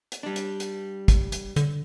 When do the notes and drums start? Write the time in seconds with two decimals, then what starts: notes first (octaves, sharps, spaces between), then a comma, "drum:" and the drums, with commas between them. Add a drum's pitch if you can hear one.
0.12 drum: hi-hat
0.23 G3 D4
0.36 drum: hi-hat
0.60 drum: hi-hat
1.08 drum: kick, hi-hat
1.32 drum: hi-hat
1.56 D3, drum: hi-hat